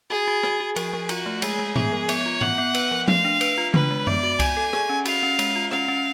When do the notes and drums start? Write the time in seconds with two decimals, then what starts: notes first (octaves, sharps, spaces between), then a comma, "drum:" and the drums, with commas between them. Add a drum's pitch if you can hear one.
0.10 F#4 G#4
0.28 F#4
0.43 F#4, drum: rim click
0.60 F#4
0.76 F3 G#4, drum: cymbal
0.93 F3
1.09 F4 F#4, drum: cymbal
1.26 A3
1.42 G#3 G#4, drum: cymbal
1.59 G#3
1.76 B3 G#4, drum: tom G#2
1.92 F3
2.09 B3 C#5, drum: cymbal
2.26 F4
2.41 B3 F#5, drum: tom G#2
2.58 B3
2.74 B4, drum: cymbal
2.91 F3
3.08 A3 F5, drum: tom F3
3.25 D4
3.41 B4, drum: cymbal
3.58 F4
3.74 D4 B4, drum: tom C#3
3.91 G#3
4.07 B3 D5, drum: tom F#2
4.23 F#4
4.40 D5 G#5, drum: kick C2, cymbal
4.57 A4
4.73 G#4, drum: rim click
4.89 C#4
5.05 F#4 F5, drum: cymbal
5.23 C#4
5.39 G#3, drum: cymbal
5.56 F4
5.71 C#4 F5, drum: rim click
5.88 C#4